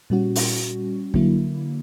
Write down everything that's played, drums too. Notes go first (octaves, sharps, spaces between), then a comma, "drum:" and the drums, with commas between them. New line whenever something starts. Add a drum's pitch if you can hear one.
A#2 G3 C#4 F#4
drum: open hi-hat
D3 F#3 A#3 E4, drum: kick